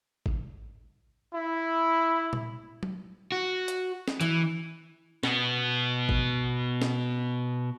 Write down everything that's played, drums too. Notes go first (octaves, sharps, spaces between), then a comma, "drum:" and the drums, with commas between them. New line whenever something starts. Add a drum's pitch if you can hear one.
drum: kick G#1
E4
drum: tom A#2
drum: tom F#3
F#4
drum: hi-hat
drum: snare
E3, drum: hi-hat
B2 B3, drum: snare
drum: kick G#1
drum: snare